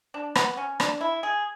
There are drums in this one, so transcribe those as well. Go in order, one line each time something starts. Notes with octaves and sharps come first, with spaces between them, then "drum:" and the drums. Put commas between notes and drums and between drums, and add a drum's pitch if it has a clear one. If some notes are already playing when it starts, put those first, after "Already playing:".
D4
B3, drum: rim click
C#4
D4, drum: rim click
E4
G#4